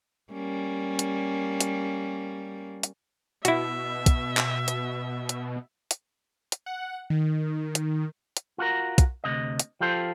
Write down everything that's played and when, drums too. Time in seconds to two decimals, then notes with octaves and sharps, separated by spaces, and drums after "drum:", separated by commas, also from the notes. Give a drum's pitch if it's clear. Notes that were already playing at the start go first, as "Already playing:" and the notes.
0.33 G3 A#3 C#4
0.99 drum: hi-hat
1.60 drum: hi-hat
2.83 drum: hi-hat
3.45 B2 E4 F#4 E5, drum: hi-hat
4.06 drum: kick, hi-hat
4.37 drum: clap
4.68 drum: hi-hat
5.29 drum: hi-hat
5.91 drum: hi-hat
6.52 drum: hi-hat
6.66 F#5
7.10 D#3
7.75 drum: hi-hat
8.37 drum: hi-hat
8.58 F4 F#4 A#4
8.98 drum: kick, hi-hat
9.24 D2 G#2 C3 D#5
9.60 drum: hi-hat
9.81 F3 F4 G4 A4 C5